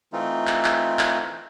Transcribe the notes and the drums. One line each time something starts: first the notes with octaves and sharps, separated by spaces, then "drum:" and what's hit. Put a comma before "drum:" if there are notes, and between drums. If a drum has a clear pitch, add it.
E3 A3 C4 D#4 F4
drum: clap
drum: clap
drum: clap